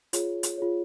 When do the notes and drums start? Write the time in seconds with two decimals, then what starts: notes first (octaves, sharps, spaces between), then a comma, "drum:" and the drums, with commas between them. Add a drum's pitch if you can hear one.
0.13 F4 G#4 C#5, drum: hi-hat
0.43 drum: hi-hat
0.58 F4 G#4 C#5